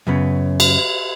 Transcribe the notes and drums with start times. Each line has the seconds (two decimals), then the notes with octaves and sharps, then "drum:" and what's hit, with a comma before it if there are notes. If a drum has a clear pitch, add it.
0.07 F#2 C#3 B3
0.60 drum: cymbal